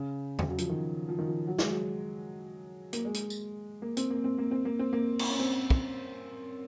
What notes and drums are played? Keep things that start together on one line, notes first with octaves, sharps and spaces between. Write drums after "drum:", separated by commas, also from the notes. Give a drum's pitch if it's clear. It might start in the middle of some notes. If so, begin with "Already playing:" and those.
Already playing: C#3
drum: tom E2
F#3
F3, drum: hi-hat
D#3
F3
D#3
F3
F#3
G#3, drum: snare
F#3
A#3, drum: hi-hat
G#3
drum: hi-hat
drum: tambourine
A#3
C4, drum: hi-hat
A#3
C4
A#3
C4
A#3
C4
A#3
drum: cymbal
C#4
C4
drum: kick